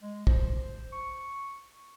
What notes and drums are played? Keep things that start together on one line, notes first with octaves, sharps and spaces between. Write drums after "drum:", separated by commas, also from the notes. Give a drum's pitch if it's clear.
G#3
C5, drum: kick
C#6